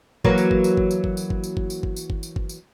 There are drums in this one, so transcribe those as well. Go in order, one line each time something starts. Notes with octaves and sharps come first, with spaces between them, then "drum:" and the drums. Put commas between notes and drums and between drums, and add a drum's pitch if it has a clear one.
E3 F#3 A#3, drum: kick G1
drum: tambourine
drum: kick G1
drum: tambourine
drum: kick G1
drum: tambourine
drum: kick G1
drum: tambourine
drum: kick G1
drum: tambourine
drum: kick G1
drum: tambourine
drum: kick G1
drum: tambourine
drum: kick G1
drum: tambourine
drum: kick G1
drum: tambourine